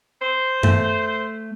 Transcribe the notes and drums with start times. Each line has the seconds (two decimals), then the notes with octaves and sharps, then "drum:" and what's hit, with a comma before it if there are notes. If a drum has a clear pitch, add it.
0.21 C5
0.63 A3, drum: tom F#2